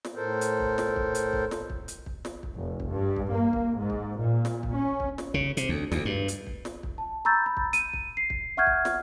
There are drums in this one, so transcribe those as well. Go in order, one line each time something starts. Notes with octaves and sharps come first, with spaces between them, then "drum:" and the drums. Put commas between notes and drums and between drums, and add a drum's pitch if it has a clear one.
drum: snare
A2 A4 A#4 C5
drum: hi-hat
drum: kick
drum: snare
drum: kick
drum: hi-hat
drum: kick
drum: snare
drum: kick
drum: hi-hat
drum: kick
drum: snare
drum: kick
F1
drum: kick
G2
drum: kick
A#3
drum: kick
G#2
drum: kick
A#2
drum: snare
drum: kick
C#4
drum: kick
drum: snare
C#3, drum: kick
C3, drum: hi-hat
D2
D2, drum: snare
G2
drum: hi-hat
drum: kick
drum: snare
drum: kick
A5
A#5 B5 C#6 E6 G6 A6
B5
drum: kick
D#7, drum: hi-hat
drum: kick
C7
drum: kick
E5 F#5 C#6 F6 G6 G#6
drum: kick
drum: snare